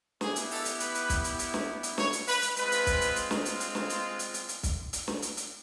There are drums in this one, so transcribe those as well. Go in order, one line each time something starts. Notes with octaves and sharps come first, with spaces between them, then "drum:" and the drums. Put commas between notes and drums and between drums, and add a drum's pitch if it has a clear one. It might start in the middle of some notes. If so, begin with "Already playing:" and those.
B3 E4 G4 G#4, drum: snare
drum: hi-hat
A4, drum: open hi-hat
drum: hi-hat
B4, drum: hi-hat
drum: hi-hat
drum: kick, hi-hat
drum: hi-hat
drum: hi-hat
drum: snare
drum: hi-hat
C#5, drum: snare
drum: hi-hat
B4, drum: open hi-hat
drum: hi-hat
G#3 C4 F4 B4, drum: hi-hat
drum: hi-hat
drum: kick, hi-hat
drum: hi-hat
drum: hi-hat
drum: snare
drum: hi-hat
drum: hi-hat
drum: snare
drum: hi-hat
drum: hi-hat
drum: hi-hat
drum: hi-hat
drum: kick, hi-hat
drum: hi-hat
drum: snare
drum: hi-hat
drum: hi-hat